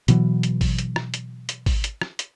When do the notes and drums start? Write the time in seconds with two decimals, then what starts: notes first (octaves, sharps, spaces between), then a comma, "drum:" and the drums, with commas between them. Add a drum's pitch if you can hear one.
0.08 B2 E3 F#3, drum: hi-hat
0.43 drum: hi-hat
0.61 drum: kick G#1, open hi-hat
0.79 drum: hi-hat
0.96 drum: rim click
1.14 drum: hi-hat
1.49 drum: hi-hat
1.66 drum: kick G#1, open hi-hat
1.84 drum: hi-hat
2.02 drum: rim click
2.19 drum: hi-hat